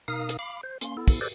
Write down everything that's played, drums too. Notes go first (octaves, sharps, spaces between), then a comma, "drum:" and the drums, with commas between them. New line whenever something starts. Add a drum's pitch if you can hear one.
B2 D#4 A#4 F5 D#6
drum: hi-hat
F5 B5 D6
C5
A#3 C#4 C6, drum: hi-hat
B3 E4 A4
drum: kick, open hi-hat
G4 A4 B4 C5 D5